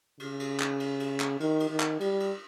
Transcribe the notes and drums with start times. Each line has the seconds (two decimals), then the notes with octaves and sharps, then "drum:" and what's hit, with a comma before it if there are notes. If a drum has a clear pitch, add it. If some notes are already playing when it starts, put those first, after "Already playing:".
0.20 C#3, drum: cymbal
0.40 drum: cymbal
0.60 drum: clap
0.80 drum: cymbal
1.00 drum: cymbal
1.20 drum: clap
1.40 D#3, drum: cymbal
1.60 drum: cymbal
1.70 D#3
1.80 drum: clap
2.00 G3, drum: cymbal
2.20 drum: cymbal